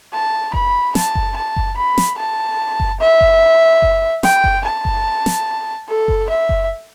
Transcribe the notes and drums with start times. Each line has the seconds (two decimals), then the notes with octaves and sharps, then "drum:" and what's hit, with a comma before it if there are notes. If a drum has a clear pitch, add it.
0.13 A5
0.54 B5, drum: kick F#1
0.95 A5, drum: snare
1.15 drum: kick F#1
1.36 A5
1.57 drum: kick F#1
1.77 B5
1.98 drum: snare
2.18 A5
2.80 drum: kick F#1
3.00 E5
3.21 drum: kick F#1
3.82 drum: kick F#1
4.23 G5, drum: snare
4.44 drum: kick F#1
4.64 A5
4.85 drum: kick F#1
5.26 drum: snare
5.88 A4
6.08 drum: kick F#1
6.29 E5
6.49 drum: kick F#1